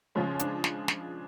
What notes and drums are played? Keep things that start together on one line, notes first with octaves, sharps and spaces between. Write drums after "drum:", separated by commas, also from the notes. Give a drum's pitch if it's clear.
C#3 F3 G#3 C#4
C#4
D4, drum: hi-hat
drum: snare
drum: snare